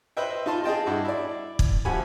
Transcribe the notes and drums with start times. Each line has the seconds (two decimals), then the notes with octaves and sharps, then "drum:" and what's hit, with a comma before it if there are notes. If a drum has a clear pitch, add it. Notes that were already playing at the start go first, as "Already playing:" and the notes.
0.17 B4 C5 D#5 E5 G5
0.46 D#4 F4 D#5 A5 C6
0.64 G#4 D#5 G5 A5
0.86 G2 E4 F#4
1.05 E4 D5
1.59 drum: kick
1.85 D2 F3 G4 F#5 G#5 B5